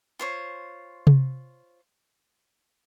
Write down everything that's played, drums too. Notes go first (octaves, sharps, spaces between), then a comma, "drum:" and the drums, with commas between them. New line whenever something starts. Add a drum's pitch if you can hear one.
F4 C5 C#5
drum: tom C3